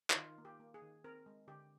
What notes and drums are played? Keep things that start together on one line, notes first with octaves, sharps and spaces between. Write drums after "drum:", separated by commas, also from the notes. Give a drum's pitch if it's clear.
D#4, drum: clap
D#3 F4
A#3
G4
A#3
G#4
D#3
C4 A#4
G#3
D3 G4